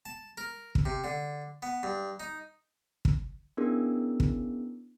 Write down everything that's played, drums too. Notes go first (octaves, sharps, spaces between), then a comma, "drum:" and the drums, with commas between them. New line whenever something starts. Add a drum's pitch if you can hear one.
A5
A#4
drum: kick
C3
D3
B3
G2
D#4
drum: kick
B3 C#4 D4 E4 G#4 A#4
drum: kick